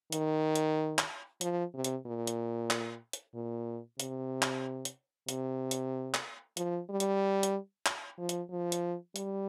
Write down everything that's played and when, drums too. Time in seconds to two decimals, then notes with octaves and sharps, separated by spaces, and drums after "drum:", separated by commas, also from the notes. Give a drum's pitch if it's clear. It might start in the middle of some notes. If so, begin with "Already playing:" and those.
0.12 D#3, drum: hi-hat
0.56 drum: hi-hat
0.98 drum: clap
1.41 F3, drum: hi-hat
1.74 C3
1.84 drum: hi-hat
2.06 A#2
2.27 drum: hi-hat
2.70 drum: clap
3.13 drum: hi-hat
3.35 A#2
4.00 C3, drum: hi-hat
4.42 drum: clap
4.85 drum: hi-hat
5.29 C3, drum: hi-hat
5.71 drum: hi-hat
6.14 drum: clap
6.57 F3, drum: hi-hat
6.89 G3
7.00 drum: hi-hat
7.43 drum: hi-hat
7.86 drum: clap
8.19 F3
8.29 drum: hi-hat
8.50 F3
8.72 drum: hi-hat
9.16 G3, drum: hi-hat